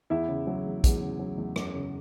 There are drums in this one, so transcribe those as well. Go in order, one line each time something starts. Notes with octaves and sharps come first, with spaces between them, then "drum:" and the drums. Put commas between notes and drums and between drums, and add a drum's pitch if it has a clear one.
E2 E4 E5
C#3
F#3
E2
E2, drum: kick, hi-hat
C#3
F#3
E2
F#2, drum: rim click
C#3